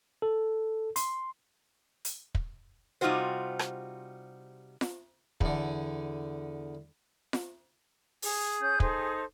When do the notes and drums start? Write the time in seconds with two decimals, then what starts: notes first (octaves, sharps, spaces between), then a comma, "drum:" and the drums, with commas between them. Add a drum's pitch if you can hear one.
0.22 A4
0.96 C6, drum: hi-hat
2.05 drum: hi-hat
2.35 drum: kick
3.01 C3 G3 D#4 F4 F#4 C5
3.59 drum: rim click
4.81 drum: snare F4
5.41 E2 D3, drum: kick
7.33 drum: snare F4
8.22 G#4, drum: open hi-hat
8.61 C#4 G6
8.80 D#4 A4 C5, drum: kick